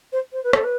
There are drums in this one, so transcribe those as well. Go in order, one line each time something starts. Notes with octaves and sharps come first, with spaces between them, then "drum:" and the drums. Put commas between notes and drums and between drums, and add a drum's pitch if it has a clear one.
C5
C5
B4
A4, drum: rim click
B4